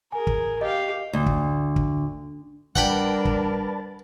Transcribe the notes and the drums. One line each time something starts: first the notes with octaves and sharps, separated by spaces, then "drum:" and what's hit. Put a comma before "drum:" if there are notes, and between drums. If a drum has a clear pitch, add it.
G#4 A#4 G#5
drum: kick
G4 D#5 F5
D2
drum: kick
drum: kick
G3 D4 A#4 B4 F#5 G5 A5 B5, drum: kick
drum: kick